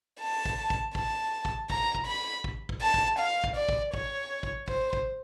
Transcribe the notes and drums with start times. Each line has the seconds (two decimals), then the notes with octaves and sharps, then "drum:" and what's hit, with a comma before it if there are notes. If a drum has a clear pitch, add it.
0.21 A5
0.45 drum: kick
0.70 drum: kick
0.95 A5, drum: kick
1.45 drum: kick
1.70 A#5, drum: kick
1.95 drum: kick
2.07 B5
2.44 drum: kick
2.69 drum: kick
2.82 A5
2.94 drum: kick
3.19 F5
3.44 drum: kick
3.56 D5
3.69 drum: kick
3.94 C#5, drum: kick
4.43 drum: kick
4.68 C5, drum: kick
4.93 drum: kick